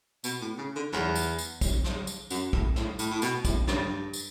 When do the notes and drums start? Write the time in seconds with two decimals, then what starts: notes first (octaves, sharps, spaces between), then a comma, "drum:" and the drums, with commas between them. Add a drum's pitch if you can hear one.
0.24 B2, drum: tambourine
0.41 A2
0.58 C#3
0.76 D3
0.93 E2, drum: snare
1.16 drum: tambourine
1.38 drum: tambourine
1.61 drum: kick, tambourine
1.84 drum: snare
2.07 drum: tambourine
2.30 F#2, drum: tambourine
2.53 A2, drum: kick
2.76 A2, drum: snare
2.99 A2, drum: tambourine
3.11 A2
3.22 B2, drum: tambourine
3.45 A2, drum: kick, tambourine
3.67 G2, drum: snare
4.13 drum: tambourine